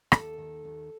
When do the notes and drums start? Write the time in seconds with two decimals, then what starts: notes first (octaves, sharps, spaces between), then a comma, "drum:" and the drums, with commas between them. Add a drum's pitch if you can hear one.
0.12 D#2 A4, drum: rim click
0.38 D#3
0.65 D#2